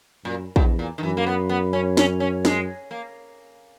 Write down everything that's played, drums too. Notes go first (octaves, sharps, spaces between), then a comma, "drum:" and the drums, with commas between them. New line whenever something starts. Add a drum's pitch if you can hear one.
F#2 A#2
E2 B2, drum: kick A#1
A#2
D#3
F#2 E3
A#3
B3
B3
C#4
C#4, drum: snare
C#4
G#3, drum: snare
A#3